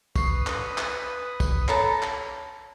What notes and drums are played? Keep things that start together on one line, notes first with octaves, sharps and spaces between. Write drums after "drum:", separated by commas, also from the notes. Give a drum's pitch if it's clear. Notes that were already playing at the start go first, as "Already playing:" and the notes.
B4 C#6 D#6 C7, drum: kick, tambourine
drum: clap
drum: clap
drum: kick, tambourine
A4 C#5 A#5 B5, drum: clap
drum: clap